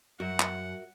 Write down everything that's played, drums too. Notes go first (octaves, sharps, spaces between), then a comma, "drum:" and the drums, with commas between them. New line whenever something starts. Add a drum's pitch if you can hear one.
F#2 F#4 A#4 E5 F#5
drum: clap